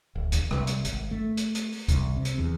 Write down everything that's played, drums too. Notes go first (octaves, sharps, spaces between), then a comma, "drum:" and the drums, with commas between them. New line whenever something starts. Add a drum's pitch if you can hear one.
D1
drum: kick, hi-hat
C2, drum: rim click
drum: hi-hat
G#1, drum: hi-hat
A3
drum: hi-hat
drum: hi-hat
drum: open hi-hat
C2, drum: kick, hi-hat
C3
drum: hi-hat
E2